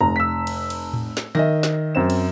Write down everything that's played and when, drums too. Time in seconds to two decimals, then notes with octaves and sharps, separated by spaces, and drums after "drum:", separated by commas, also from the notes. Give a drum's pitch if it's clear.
0.01 F1 A#5
0.16 E6 B6
0.47 drum: cymbal
0.70 drum: cymbal
0.94 drum: tom A2
1.17 drum: snare
1.35 D#3 D#5 E5 A#6
1.63 drum: snare
1.95 F#2 C4 E7
2.10 drum: cymbal